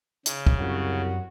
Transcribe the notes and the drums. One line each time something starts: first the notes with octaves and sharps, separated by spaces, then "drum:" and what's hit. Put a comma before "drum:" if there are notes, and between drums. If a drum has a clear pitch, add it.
C#3, drum: hi-hat
drum: kick
C2 F#2 F#4